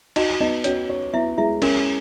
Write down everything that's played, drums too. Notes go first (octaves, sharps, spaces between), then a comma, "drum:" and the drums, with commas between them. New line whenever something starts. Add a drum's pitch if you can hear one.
D#4 F#4 D#5, drum: cymbal
B3 D#4 D#5
C#4 F#4 C#5, drum: hi-hat
C#5
B3 E4 E5
G#3 E4 E5
C#4 A#4, drum: cymbal